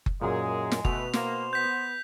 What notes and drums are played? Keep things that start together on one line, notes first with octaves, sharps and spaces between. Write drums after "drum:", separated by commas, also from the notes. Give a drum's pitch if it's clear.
drum: kick F#1
F#2 A#2 G#3 G#4
drum: snare
B2 A3 B4 F7, drum: kick F#1
A#3 C5, drum: snare
B3 G6 B6